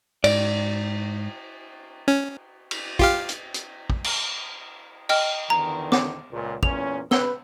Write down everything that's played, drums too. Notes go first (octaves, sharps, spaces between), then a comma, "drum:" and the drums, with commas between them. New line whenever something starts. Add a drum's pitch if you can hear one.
G#2 D5, drum: cymbal
C#4
drum: cymbal
F4 G4 F5, drum: kick
drum: hi-hat
drum: hi-hat
drum: kick
drum: cymbal
D#5 G5 F6, drum: cymbal
E2 D3 D#3 A#5
D6, drum: snare
C#2 A#2
E2 A#2 C#4 F7, drum: kick
B4 E6 G7, drum: snare